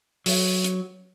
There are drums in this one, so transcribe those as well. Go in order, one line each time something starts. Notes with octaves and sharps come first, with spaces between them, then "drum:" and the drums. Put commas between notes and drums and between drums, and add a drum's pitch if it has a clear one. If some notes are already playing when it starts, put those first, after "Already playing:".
F#3, drum: open hi-hat
drum: hi-hat